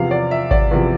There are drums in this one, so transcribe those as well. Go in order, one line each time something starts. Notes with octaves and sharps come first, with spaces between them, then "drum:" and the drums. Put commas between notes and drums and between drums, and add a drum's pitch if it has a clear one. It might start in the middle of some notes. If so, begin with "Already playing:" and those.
Already playing: E2 C3 F3 F5
D5
E5
D5, drum: kick G#1
E2 C3 F3